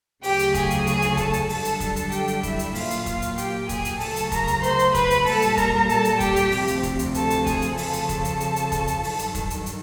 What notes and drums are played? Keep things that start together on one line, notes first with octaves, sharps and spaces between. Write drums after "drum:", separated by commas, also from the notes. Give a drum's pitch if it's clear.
D2 C#3 F#3 G4 G5, drum: open hi-hat
drum: hi-hat
G#4 G#5, drum: kick F1, hi-hat
drum: hi-hat
G#4 G#5, drum: hi-hat
drum: hi-hat
A4 A5, drum: kick F1, hi-hat
drum: hi-hat
F#2 D3 G3 A4 A5, drum: open hi-hat
drum: hi-hat
A4 A5, drum: kick F1, hi-hat
drum: hi-hat
G4 G5, drum: hi-hat
drum: hi-hat
E4 E5, drum: kick F1, hi-hat
drum: hi-hat
A#2 F#3 F4 F5, drum: open hi-hat
drum: hi-hat
F4 F5, drum: kick F1, hi-hat
drum: hi-hat
G4 G5, drum: hi-hat
G#4 G#5, drum: kick F1, hi-hat
drum: hi-hat
D2 C#3 F#3 A4 A5, drum: open hi-hat
drum: hi-hat
A#4 A#5, drum: kick F1, hi-hat
drum: hi-hat
C5 C6, drum: hi-hat
drum: hi-hat
B4 B5, drum: kick F1, hi-hat
drum: hi-hat
A#2 G3 A4 A5, drum: open hi-hat
drum: hi-hat
A#4 A#5, drum: kick F1, hi-hat
A4 A5, drum: hi-hat
drum: hi-hat
G4 G5, drum: kick F1, hi-hat
drum: hi-hat
D2 C3 F3, drum: open hi-hat
drum: hi-hat
drum: kick F1, hi-hat
drum: hi-hat
A4 A5, drum: hi-hat
drum: hi-hat
G#4 G#5, drum: kick F1, hi-hat
drum: hi-hat
F2 C#3 F3 A4 A5, drum: open hi-hat
drum: hi-hat
drum: kick F1, hi-hat
drum: hi-hat
drum: hi-hat
drum: hi-hat
drum: kick F1, hi-hat
drum: hi-hat
G2 D#3 F#3, drum: open hi-hat
drum: hi-hat
drum: kick F1, hi-hat
drum: hi-hat
drum: hi-hat